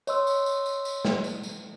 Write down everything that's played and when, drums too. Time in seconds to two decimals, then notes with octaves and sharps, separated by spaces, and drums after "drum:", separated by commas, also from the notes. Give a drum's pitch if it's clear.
0.07 C#5 D#5 C6 E6, drum: tambourine
0.27 drum: tambourine
0.46 drum: tambourine
0.66 drum: tambourine
0.85 drum: tambourine
1.05 drum: snare
1.24 drum: tambourine
1.44 drum: tambourine